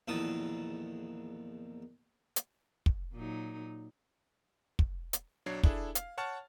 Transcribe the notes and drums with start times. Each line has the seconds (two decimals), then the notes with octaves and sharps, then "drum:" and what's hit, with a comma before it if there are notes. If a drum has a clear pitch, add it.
0.08 A#1 E2 D#3 B3 A4 D#6
2.36 drum: hi-hat
2.86 drum: kick
3.13 A#2 F#3 D#4
4.79 drum: kick
5.13 drum: hi-hat
5.46 B1 F#3 D4 C#5 G#6 C7
5.63 D4 E4 G#4 A4, drum: kick
5.95 F5, drum: hi-hat
6.17 C#5 F#5 A5 C#6 F6 A6